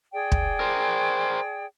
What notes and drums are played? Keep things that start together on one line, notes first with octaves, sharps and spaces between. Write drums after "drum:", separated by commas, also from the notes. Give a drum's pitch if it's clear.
G#4 D5 G5
drum: kick
A#4 C5